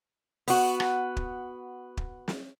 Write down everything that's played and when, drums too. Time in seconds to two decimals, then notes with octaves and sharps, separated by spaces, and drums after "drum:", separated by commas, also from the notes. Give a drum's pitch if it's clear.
0.48 B3 F#4, drum: open hi-hat
0.80 drum: rim click
1.17 drum: kick
1.97 drum: kick
2.28 drum: snare